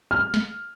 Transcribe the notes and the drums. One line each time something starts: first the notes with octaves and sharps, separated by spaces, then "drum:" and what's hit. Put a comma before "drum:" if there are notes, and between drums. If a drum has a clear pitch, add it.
F6
drum: snare